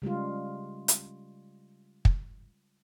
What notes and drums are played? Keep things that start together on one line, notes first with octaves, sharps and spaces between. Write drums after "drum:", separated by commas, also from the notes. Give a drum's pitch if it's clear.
C#3 G3 G#3 F4
drum: hi-hat
drum: kick